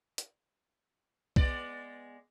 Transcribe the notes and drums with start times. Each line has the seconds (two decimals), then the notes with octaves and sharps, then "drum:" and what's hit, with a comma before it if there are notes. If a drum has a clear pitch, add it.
0.18 drum: hi-hat
1.36 G#3 B3 D5, drum: kick B1